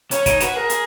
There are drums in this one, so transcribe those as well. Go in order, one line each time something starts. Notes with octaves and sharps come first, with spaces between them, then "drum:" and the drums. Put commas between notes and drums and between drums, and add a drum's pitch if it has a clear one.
C#4 C#5, drum: hi-hat
D#4, drum: kick, hi-hat
F#4 B4, drum: hi-hat
G#4 A#4
drum: hi-hat